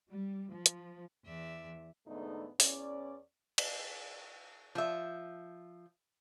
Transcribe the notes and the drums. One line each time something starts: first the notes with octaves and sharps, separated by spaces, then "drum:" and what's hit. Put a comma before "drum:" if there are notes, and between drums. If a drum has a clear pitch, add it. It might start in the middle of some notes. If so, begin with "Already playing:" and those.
G3
F3
drum: hi-hat
E2 D5 E5
E2 G#2 D3 A3 B3 D#4
E2 C#4 D5, drum: open hi-hat
drum: cymbal
F3 E5